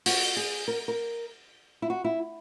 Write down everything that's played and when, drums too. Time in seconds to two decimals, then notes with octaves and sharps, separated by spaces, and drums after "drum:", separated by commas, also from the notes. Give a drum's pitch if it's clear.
0.06 F#4, drum: open hi-hat
0.37 G#4
0.68 A#4
0.88 A#4
1.82 E4
1.90 F#4
2.04 E4